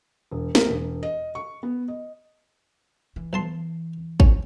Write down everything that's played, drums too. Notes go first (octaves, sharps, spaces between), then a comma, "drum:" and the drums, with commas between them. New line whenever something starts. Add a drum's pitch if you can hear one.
E1
A#4, drum: snare
E1
D#5
C#6
B3
D#5
E3
B1 A5 C6
C#4, drum: kick